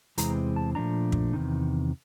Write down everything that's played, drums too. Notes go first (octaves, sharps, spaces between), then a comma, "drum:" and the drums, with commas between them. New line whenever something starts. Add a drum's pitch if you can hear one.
E2 C3 E3 G#3 C4 A#5, drum: hi-hat
A5
A#2 F3 A3 D4 A#5
drum: kick
E2 C3 D#3